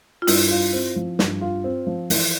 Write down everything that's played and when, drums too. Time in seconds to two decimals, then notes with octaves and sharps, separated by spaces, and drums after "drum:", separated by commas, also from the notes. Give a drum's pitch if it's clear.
0.22 F4
0.27 G2 E4, drum: open hi-hat
0.51 F4
0.73 C4
0.96 F3
1.19 G2, drum: snare
1.41 F4
1.64 C4
1.87 F3
2.10 E3, drum: open hi-hat